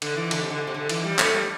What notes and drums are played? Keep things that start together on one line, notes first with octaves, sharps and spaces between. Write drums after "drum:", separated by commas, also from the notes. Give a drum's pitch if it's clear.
D3, drum: cymbal
E3
D3, drum: cymbal
C3
D3
C3
D3
E3, drum: cymbal
G3
A3, drum: clap
G3